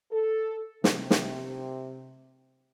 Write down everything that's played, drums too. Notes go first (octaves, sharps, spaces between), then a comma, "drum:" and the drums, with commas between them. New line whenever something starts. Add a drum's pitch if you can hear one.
A4
C3, drum: snare
drum: snare